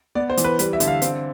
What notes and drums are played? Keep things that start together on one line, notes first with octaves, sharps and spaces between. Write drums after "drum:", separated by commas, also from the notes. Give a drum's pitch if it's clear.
B3 D5
C5
E3, drum: hi-hat
B4
G3 B4, drum: hi-hat
E5
D3, drum: hi-hat
F5
C4, drum: hi-hat